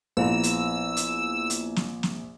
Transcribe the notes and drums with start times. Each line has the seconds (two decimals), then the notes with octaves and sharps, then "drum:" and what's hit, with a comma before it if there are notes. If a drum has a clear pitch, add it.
0.17 A#1 B3 E4 A#5 E6
0.43 drum: hi-hat
0.97 drum: hi-hat
1.50 drum: hi-hat
1.76 drum: snare
2.03 drum: snare